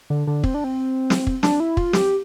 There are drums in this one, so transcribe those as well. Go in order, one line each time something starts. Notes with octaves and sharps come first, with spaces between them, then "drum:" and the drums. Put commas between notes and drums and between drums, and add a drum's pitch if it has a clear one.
D3
D3
C4, drum: kick
D4
C4
drum: snare
drum: kick
D4, drum: snare
E4
F4, drum: kick
G4, drum: snare